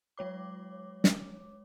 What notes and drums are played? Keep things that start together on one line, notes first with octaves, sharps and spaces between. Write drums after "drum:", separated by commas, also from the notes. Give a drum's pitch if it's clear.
F#3 G#3 C#5 D6
drum: snare